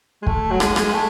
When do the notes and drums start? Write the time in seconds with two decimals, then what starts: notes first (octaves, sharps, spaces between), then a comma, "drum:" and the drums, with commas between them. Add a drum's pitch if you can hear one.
0.22 G#3
0.27 A3, drum: kick
0.51 F#3
0.60 G#3, drum: rim click
0.76 drum: rim click
0.93 A3